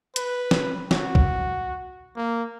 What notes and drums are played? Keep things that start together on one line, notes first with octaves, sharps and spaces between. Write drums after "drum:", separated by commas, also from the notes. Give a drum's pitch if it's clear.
B4, drum: hi-hat
drum: snare
F#4, drum: snare
drum: kick B1
A#3